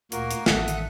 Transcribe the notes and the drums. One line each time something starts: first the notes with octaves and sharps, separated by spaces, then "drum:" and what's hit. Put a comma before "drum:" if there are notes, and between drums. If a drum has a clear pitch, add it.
D2 A#2 A#3 F#4 A#4, drum: hi-hat
drum: hi-hat
A1 D#3 A4 E5 F#5 D#6 F#6, drum: snare
drum: hi-hat